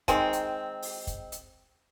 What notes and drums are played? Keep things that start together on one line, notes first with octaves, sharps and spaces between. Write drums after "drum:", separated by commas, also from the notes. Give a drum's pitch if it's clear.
D#3 G#3 C4, drum: kick, hi-hat
drum: hi-hat
drum: open hi-hat
drum: kick, hi-hat
drum: hi-hat